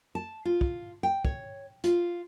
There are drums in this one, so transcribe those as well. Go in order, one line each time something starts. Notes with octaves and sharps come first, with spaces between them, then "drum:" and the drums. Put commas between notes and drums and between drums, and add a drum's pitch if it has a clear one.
A5
F4
drum: kick
G5
C#5, drum: kick
F4, drum: hi-hat